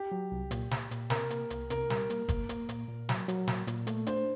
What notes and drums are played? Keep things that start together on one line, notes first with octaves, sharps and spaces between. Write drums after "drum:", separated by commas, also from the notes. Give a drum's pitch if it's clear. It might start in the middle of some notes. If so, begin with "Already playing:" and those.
Already playing: G4
F#3
C2
A#2, drum: hi-hat
A#2, drum: snare
A#2, drum: hi-hat
C3 A#4, drum: snare
A#3, drum: hi-hat
C2, drum: hi-hat
C3 A#4, drum: hi-hat
G3, drum: snare
A#3, drum: hi-hat
A#3, drum: kick, hi-hat
A#3, drum: hi-hat
A#2, drum: hi-hat
A#2
F#3, drum: snare
F#3, drum: hi-hat
A#2, drum: snare
A#2, drum: hi-hat
A3, drum: hi-hat
D4 C5, drum: hi-hat